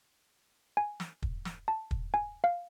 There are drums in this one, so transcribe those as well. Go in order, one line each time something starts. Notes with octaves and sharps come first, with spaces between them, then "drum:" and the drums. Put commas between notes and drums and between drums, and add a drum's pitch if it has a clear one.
G#5
drum: snare
drum: kick
drum: snare
A5
drum: kick
G#5
F5